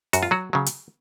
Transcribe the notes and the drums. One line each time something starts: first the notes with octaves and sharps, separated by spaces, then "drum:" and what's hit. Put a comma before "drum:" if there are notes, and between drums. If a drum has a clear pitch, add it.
F#2 F#4, drum: hi-hat
F4
F#3 F#4
C#3 F#3
drum: hi-hat